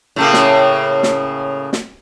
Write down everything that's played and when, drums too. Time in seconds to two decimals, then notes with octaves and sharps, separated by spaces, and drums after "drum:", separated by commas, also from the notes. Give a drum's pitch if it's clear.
0.16 A2 C#3 A#3
0.34 drum: snare
1.03 drum: snare
1.73 drum: snare